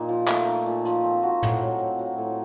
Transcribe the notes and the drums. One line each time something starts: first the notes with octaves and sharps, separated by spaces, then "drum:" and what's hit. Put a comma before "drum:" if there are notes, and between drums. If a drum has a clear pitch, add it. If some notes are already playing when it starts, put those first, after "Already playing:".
Already playing: A#2 D#4
F3
A3, drum: clap
D#4
A#2
F3, drum: hi-hat
C4
F#4
A2, drum: tom
F#3
C4
F#4
A2